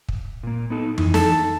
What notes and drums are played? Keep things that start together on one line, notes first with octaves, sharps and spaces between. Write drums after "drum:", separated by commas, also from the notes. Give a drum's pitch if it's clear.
drum: kick
A#2 A#3
B3 D#4 A4
E3 D#4, drum: tom F2
A4, drum: snare